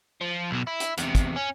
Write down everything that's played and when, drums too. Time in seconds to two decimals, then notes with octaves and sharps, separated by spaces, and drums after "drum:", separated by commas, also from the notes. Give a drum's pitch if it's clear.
0.21 F3
0.51 B1 B2
0.67 E4
0.80 drum: hi-hat
0.98 E2 C3, drum: hi-hat
1.15 drum: kick, hi-hat
1.36 C#4